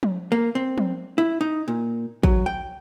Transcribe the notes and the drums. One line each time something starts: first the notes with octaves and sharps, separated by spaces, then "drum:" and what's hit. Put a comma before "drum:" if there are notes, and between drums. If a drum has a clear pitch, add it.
drum: tom F3
A#3
C4
drum: tom F3
E4
D#4
A#2
F#3, drum: kick
G5